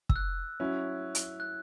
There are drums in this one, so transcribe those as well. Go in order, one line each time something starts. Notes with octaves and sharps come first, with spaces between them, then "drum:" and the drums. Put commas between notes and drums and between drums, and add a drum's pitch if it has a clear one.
E6, drum: kick
F#6
F#3 C#4 E4
drum: hi-hat
F#6